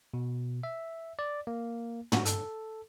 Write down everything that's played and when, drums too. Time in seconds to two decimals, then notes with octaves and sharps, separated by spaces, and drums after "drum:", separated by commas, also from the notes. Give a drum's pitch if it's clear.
0.14 B2
0.63 E5
1.19 D5
1.47 A#3
2.12 F#4, drum: tom
2.25 A4, drum: hi-hat